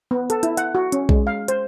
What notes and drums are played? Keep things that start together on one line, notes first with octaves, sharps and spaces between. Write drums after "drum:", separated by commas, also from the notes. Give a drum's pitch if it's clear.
B3
A4, drum: hi-hat
E4, drum: hi-hat
F#5, drum: hi-hat
F#4
C#4, drum: hi-hat
G#3, drum: kick B1
F5
C5, drum: hi-hat